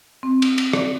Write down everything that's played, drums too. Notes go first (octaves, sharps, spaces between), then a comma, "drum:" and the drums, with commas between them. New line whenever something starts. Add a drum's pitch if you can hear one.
C4
drum: cymbal
drum: cymbal
D5, drum: rim click